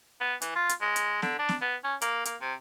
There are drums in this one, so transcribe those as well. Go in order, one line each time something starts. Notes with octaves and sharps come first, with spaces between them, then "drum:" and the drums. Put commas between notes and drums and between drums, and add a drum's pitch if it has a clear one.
B3
E3, drum: hi-hat
F4
drum: hi-hat
G#3
drum: hi-hat
D3, drum: snare
D4
drum: snare
B3
C#4
A#3, drum: hi-hat
A#3, drum: hi-hat
C3